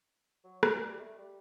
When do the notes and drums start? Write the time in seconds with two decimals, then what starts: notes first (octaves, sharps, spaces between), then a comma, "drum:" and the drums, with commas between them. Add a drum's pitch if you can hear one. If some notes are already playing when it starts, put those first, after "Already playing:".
0.44 F#3
0.63 E3, drum: rim click
0.82 G3
1.00 A3
1.18 G3